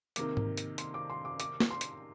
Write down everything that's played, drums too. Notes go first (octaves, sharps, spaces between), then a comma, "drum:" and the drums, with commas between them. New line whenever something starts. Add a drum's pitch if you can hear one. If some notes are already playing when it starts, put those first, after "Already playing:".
C3 D#3 A#3 D6, drum: hi-hat
drum: tom G#2
drum: hi-hat
C6, drum: hi-hat
D6
C6
D6
D6, drum: hi-hat
drum: snare
C6
drum: hi-hat